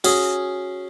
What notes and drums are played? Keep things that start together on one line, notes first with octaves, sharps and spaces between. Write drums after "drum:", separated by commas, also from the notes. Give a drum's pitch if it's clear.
C#4 F#4 G#4, drum: open hi-hat